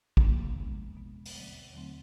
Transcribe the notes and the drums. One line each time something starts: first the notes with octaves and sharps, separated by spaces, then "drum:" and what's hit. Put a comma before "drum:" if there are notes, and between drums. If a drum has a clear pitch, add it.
E2 C3 F3 A#3 D4, drum: kick
B2 G#3 B3
B2 G#3 B3
drum: open hi-hat
D#2 D3 F#3 A3 C4
D#2 D3 F#3 A3 C4